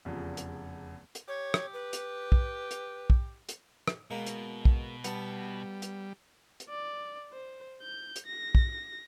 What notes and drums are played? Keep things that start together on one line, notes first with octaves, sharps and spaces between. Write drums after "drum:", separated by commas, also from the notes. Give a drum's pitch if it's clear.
F1 E2 C#3 F3
drum: hi-hat
drum: hi-hat
G4 C#5
drum: rim click
B4
drum: hi-hat
drum: kick
drum: hi-hat
drum: kick
drum: hi-hat
drum: rim click
B2 G#3 A#3
drum: hi-hat
drum: kick
G3 B3 A5, drum: hi-hat
drum: hi-hat
drum: hi-hat
D5
C5
G6
drum: hi-hat
A#6
drum: kick